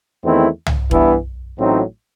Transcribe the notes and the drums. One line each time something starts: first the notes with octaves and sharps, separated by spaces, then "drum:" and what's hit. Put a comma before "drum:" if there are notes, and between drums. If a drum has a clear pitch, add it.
E2 D#3 A3 C4 E4
drum: tom C2
G2 E3 B3 E4, drum: kick E1
A1 A2 F#3 C4 D#4